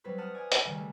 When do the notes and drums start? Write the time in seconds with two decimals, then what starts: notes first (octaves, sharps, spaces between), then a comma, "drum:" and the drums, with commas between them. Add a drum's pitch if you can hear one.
0.04 F#3 G3 C4 B4 C5
0.18 F#5 A5 D#6 F6 F#6
0.34 D5 G#5 D#6 F6
0.52 G#5, drum: hi-hat
0.64 C#2 D#3 G3
0.78 G#3 A3